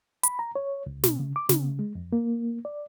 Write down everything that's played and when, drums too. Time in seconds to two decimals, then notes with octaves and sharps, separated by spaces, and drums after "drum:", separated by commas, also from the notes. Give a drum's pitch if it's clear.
0.23 B5, drum: hi-hat
0.39 A#5
0.56 C#5
0.86 C#2
1.04 B2, drum: snare
1.20 C#3
1.36 D6
1.49 C#3, drum: snare
1.79 G#3
1.95 F2
2.12 A#3
2.65 D5